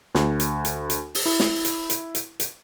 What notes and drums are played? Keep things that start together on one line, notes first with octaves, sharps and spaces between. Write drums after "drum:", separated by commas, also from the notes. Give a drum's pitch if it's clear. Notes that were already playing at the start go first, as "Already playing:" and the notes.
D2, drum: snare
drum: hi-hat
drum: hi-hat
drum: hi-hat
drum: open hi-hat
E4
drum: snare
drum: hi-hat
drum: hi-hat
drum: hi-hat
drum: hi-hat